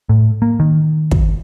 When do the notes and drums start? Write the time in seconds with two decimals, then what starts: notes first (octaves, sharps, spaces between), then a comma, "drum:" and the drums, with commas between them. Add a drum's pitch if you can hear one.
0.09 A2
0.42 A#3
0.60 D#3
1.11 drum: kick